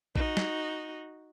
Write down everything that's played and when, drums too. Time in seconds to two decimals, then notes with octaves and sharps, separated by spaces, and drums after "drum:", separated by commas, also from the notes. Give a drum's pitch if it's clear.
0.16 D#4 F#4, drum: kick A#1
0.37 drum: snare